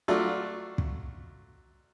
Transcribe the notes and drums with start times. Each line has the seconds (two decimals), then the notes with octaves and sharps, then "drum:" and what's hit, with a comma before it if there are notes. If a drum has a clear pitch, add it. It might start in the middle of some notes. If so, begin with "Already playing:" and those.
0.08 F#3 A3 D4 F4
0.78 drum: kick